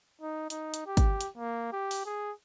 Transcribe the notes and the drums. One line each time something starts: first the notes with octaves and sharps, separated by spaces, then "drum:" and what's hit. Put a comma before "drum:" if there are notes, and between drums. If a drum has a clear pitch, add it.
D#4
D#4, drum: hi-hat
drum: hi-hat
G4
drum: kick, hi-hat
drum: hi-hat
A#3
G4
drum: open hi-hat
G#4